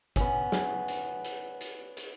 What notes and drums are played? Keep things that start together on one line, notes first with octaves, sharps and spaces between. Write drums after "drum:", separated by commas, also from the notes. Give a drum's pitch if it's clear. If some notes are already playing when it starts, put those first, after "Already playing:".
B3 C#4, drum: kick G#1, hi-hat
drum: snare
drum: hi-hat
drum: hi-hat
drum: hi-hat
drum: hi-hat